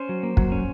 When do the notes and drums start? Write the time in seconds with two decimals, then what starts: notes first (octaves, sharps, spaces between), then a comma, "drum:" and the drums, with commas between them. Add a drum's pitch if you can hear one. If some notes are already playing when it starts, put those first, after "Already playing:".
Already playing: C#4 C5
0.09 F#3
0.23 A#3
0.37 F#3, drum: kick
0.52 C#4